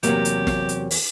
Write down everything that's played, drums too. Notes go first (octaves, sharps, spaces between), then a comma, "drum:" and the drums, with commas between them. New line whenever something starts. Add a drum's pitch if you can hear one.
E2 C3 F#3 A#3 G4, drum: hi-hat
drum: hi-hat
drum: snare
drum: hi-hat
drum: open hi-hat